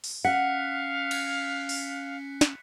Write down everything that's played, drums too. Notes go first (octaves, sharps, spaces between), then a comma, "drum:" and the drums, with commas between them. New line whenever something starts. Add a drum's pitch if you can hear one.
drum: open hi-hat
C#4 F5 F#5 F#6 B6 C#7
drum: cymbal
drum: open hi-hat
drum: snare